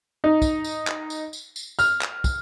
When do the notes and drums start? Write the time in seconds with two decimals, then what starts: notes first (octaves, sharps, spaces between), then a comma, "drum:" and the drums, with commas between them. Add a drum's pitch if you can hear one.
0.24 D#4
0.42 drum: kick, tambourine
0.65 drum: tambourine
0.87 drum: clap
1.10 drum: tambourine
1.33 drum: tambourine
1.56 drum: tambourine
1.79 F6, drum: tambourine
2.01 drum: clap
2.24 drum: kick, tambourine